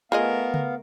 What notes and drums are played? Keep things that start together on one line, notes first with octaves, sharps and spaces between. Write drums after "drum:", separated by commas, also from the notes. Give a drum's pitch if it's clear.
A3 B3 F4 G#4 A#4 D#5 F5
drum: tom C#3